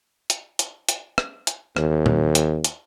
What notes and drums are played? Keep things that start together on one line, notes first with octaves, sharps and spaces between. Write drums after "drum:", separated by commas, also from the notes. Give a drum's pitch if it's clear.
drum: hi-hat
drum: hi-hat
drum: hi-hat
drum: rim click
drum: hi-hat
D#2, drum: rim click
drum: tom
drum: hi-hat
drum: hi-hat